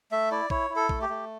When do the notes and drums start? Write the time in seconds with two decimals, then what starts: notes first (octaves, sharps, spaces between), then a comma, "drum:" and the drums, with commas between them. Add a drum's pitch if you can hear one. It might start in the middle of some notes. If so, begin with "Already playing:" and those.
0.11 A3 E5
0.31 E4 D5
0.50 E4 C#5, drum: kick
0.70 E4
0.76 A4
0.89 A3, drum: kick
1.01 G4
1.09 A3